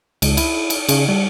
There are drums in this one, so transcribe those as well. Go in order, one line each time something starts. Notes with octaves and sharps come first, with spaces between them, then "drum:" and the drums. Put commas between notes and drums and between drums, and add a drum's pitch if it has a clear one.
C#2, drum: cymbal
E4, drum: cymbal
drum: cymbal
C#3, drum: cymbal
G3